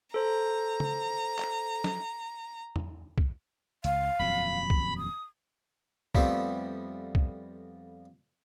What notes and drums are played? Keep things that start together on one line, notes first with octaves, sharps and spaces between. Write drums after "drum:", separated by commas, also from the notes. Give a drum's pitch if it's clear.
A4 C5 A#5
drum: tom C#3
drum: clap
drum: snare
drum: tom
drum: kick
C#2 F5, drum: hi-hat
D#1 F2 F#3 B5
drum: kick
D#6
F2 F3 G3 A3 B3 C4, drum: kick
drum: kick